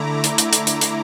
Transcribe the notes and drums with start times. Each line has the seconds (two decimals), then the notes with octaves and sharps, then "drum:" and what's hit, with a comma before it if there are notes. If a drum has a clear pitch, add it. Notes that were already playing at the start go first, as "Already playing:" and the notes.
Already playing: D3 A3 E4 A#5 D6
0.24 drum: hi-hat
0.38 drum: hi-hat
0.53 drum: hi-hat
0.67 drum: hi-hat
0.81 drum: hi-hat